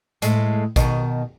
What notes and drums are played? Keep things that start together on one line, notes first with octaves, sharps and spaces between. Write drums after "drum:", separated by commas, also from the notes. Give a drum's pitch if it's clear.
A2 G#3, drum: hi-hat
B2 D#3, drum: kick, hi-hat